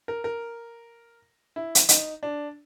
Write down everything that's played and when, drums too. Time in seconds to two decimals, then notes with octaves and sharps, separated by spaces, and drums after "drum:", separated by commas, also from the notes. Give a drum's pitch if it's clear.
0.08 A#4
0.24 A#4
1.56 E4
1.75 drum: hi-hat
1.89 D#4, drum: hi-hat
2.23 D4